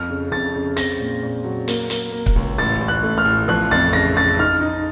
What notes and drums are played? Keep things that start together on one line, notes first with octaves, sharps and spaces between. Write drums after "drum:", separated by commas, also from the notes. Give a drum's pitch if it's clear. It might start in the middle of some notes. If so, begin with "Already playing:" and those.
Already playing: F2 F6
C#3
F2 A6
C#3
C4 A#6, drum: hi-hat
A#2
A#2
F#3
A#3, drum: hi-hat
A#3, drum: hi-hat
A#3
drum: kick C#1
C#2
A1 A6
A1
F#6
A3
F6
A1
F3 F#6
F2 A6
C#3 A#6
C#3 A6
D#4 F6
D#4